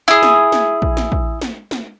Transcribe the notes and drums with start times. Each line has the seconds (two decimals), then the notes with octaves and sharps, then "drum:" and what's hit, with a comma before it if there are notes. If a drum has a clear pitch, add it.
0.08 E4 G#4
0.23 drum: snare
0.52 drum: snare
0.82 drum: kick
0.97 drum: snare
1.12 drum: kick
1.41 drum: snare
1.71 drum: snare